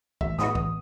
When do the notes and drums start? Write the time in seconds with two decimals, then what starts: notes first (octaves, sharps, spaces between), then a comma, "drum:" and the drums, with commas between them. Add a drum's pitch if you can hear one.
0.21 A1 E5, drum: kick
0.38 A2 G#3 B3 F#4 D#6, drum: snare
0.55 A1 D#6, drum: kick